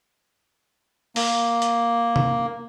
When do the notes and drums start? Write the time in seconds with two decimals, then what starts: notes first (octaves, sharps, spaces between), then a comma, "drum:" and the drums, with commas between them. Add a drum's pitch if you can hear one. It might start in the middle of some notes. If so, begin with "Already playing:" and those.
1.16 A#3, drum: open hi-hat
1.62 drum: hi-hat
2.16 drum: tom C3